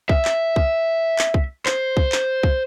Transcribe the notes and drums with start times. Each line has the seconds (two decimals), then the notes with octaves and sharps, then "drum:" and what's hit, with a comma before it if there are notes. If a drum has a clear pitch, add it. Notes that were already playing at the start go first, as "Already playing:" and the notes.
0.09 E5, drum: kick C2
0.25 drum: clap
0.56 drum: kick C2
1.19 drum: clap
1.34 drum: kick C2
1.66 C5, drum: clap
1.97 drum: kick C2
2.12 drum: clap
2.43 drum: kick C2